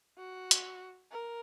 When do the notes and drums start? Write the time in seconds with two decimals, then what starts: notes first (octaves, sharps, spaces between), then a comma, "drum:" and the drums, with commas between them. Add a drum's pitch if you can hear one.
0.18 F#4
0.51 drum: hi-hat
1.11 A#4